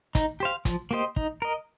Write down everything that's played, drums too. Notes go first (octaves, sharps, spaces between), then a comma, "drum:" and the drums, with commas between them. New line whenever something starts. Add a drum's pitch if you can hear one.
D#4, drum: kick, hi-hat
G4 C5 F5
F3, drum: kick, hi-hat
A#3 G4 C5 D#5
D#4, drum: kick
A#4 D#5